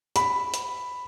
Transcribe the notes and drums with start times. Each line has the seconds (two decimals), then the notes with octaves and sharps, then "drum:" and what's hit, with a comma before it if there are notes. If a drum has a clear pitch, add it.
0.16 B5, drum: hi-hat
0.54 drum: hi-hat